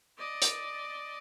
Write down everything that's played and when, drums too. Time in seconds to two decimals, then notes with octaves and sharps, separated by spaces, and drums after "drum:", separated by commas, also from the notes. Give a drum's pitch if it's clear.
0.18 D5 D#5
0.42 drum: hi-hat